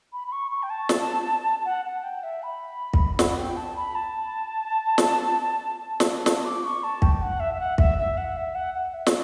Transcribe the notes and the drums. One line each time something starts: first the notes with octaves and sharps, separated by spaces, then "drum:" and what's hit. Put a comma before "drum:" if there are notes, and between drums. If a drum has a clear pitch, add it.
B5
B5
C#6
C#6
G5
A5
drum: snare
F#5
F#5
G5
E5
B5
drum: kick
F#5, drum: snare
G5
A5
B5
A5
drum: snare
drum: snare
A5, drum: snare
D6
C#6
A5
G5, drum: kick
F#5
E5
E5
F#5
E5, drum: kick
E5
F#5
E5
F#5
F#5
E5
drum: snare